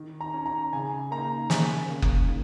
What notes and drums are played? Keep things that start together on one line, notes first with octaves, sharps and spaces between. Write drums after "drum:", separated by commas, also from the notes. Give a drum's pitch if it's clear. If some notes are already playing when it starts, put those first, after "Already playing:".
Already playing: D#3
A#5
C#4
A#5
C#3 G#5
A#3 D#4 A#5
C#3 G#5, drum: snare
A#3 C#4
drum: kick F#1
D#3